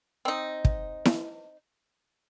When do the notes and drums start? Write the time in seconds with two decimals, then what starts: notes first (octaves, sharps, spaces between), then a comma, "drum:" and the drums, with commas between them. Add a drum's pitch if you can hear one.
0.25 C4 D#4
0.65 drum: kick
1.05 drum: snare E4